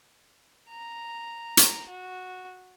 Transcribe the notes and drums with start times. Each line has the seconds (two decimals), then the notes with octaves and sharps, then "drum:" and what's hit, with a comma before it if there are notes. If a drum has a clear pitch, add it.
0.69 A#5
1.57 drum: hi-hat
1.88 F#4